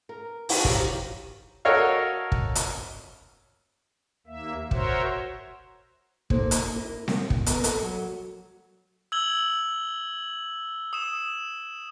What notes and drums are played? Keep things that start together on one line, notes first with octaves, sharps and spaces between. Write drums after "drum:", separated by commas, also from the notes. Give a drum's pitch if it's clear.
A#4
F3 D4 E4 F#4, drum: open hi-hat
D#3 F3 F#3 G4, drum: kick
F#4 A4 A#4 C#5 D#5 F5
drum: kick
drum: hi-hat
D#2 A#3 E5
F#4 A#4 C5 C#5 E5, drum: kick
A#3 D#4 A4 C5, drum: kick
drum: hi-hat
E4 A#4
D#2, drum: snare C4
drum: kick
B3 A#4, drum: hi-hat
A4 A#4, drum: hi-hat
F#3
E6 G#6 F#7 G7
D#6 E7